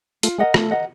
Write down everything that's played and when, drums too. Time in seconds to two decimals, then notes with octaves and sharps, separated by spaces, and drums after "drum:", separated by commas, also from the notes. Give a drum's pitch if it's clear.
0.23 A3 F4, drum: hi-hat
0.38 G#3 A#4 D#5 F#5
0.54 A3 F4, drum: rim click
0.71 A#4 D#5 F#5